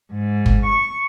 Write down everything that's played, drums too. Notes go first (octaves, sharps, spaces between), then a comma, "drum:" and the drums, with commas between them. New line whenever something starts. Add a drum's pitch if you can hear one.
G#2
drum: kick G1
C#6